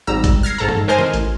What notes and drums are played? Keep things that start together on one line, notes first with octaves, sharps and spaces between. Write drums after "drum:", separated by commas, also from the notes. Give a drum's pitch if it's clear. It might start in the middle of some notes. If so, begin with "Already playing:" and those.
G#1 G#2 G3 A#5 E6
drum: kick, hi-hat
F6 G#6 A#6 C7
G#2 A4 A5 A#5
drum: tom G2
A#4 C5 D#5 G#5 F6
drum: snare
A1, drum: hi-hat